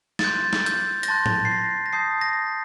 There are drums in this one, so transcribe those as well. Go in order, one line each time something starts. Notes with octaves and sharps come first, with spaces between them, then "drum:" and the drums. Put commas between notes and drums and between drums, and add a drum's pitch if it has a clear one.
A6, drum: snare
C6 F#6 G6
drum: snare
G6, drum: hi-hat
A#6, drum: hi-hat
A5 C6 F#6 A6
drum: tom
C7
A#6
A#6
A5 D#6 G6 C7
A#6